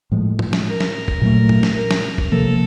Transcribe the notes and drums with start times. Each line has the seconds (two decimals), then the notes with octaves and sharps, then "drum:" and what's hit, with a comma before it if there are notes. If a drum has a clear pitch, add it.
0.12 A2 F3 G#3
0.39 drum: tom
0.53 drum: snare
0.67 A#4
0.80 drum: snare
1.08 drum: kick
1.22 A#2 F#3 A3
1.49 drum: tom
1.63 drum: snare
1.76 A#4
1.91 drum: snare
2.18 drum: kick
2.32 C3 F3 A#3 A4